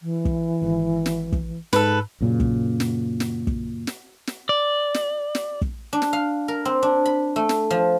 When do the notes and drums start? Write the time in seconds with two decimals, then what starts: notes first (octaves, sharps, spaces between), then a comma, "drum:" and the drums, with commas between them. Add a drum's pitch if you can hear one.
0.01 E3
0.25 drum: kick
0.62 G#1
1.06 drum: snare
1.32 drum: kick
1.73 G#2 A4 B4, drum: snare
2.21 F#2 A#2 C#3
2.40 drum: kick
2.80 drum: snare
3.20 drum: snare
3.47 drum: kick
3.87 drum: snare
4.27 drum: snare
4.49 D5
4.94 drum: snare
5.35 drum: snare
5.61 drum: kick
5.93 D4
6.02 drum: snare
6.13 F5
6.48 A#4
6.65 C4
6.83 D4
7.05 B5
7.36 A3
7.49 drum: snare
7.71 F3